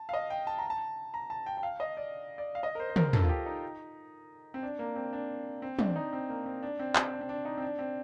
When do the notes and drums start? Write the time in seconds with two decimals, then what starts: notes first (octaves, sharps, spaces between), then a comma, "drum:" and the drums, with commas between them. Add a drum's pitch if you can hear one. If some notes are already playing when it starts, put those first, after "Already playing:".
Already playing: A5
0.09 F5
0.13 D#5
0.30 G5
0.47 A5
0.58 A#5
0.70 A5
1.14 A#5
1.30 A5
1.46 G5
1.57 G5
1.63 F5
1.80 D#5
1.97 D5
2.38 D5
2.55 F5
2.63 D#5
2.75 A#4
2.80 C5
2.90 C5
2.96 A#4, drum: tom
3.13 A4, drum: tom
3.23 F4
3.29 G4
3.46 D#4
4.54 C4
4.63 D4
4.79 A#3
4.96 C4
5.13 D4
5.62 C4
5.79 D4, drum: tom
5.96 D#4
6.13 C4
6.29 A#3
6.46 C4
6.63 D4
6.79 C4
6.96 C4, drum: clap
7.12 D4
7.21 C4
7.29 D4
7.45 D#4
7.57 C4
7.62 D4
7.79 C4